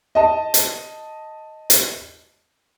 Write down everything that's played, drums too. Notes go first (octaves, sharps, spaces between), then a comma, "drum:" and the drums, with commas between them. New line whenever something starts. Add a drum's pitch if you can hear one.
D#5 A5
drum: hi-hat
drum: hi-hat